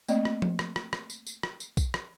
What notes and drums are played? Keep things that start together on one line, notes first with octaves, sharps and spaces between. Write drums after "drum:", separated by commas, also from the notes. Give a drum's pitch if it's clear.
A3 A#3 C4 D5 D#5, drum: tambourine
drum: rim click
drum: tom F3
drum: rim click
drum: rim click
drum: rim click
drum: tambourine
drum: tambourine
drum: rim click
drum: tambourine
drum: kick B1, tambourine
drum: rim click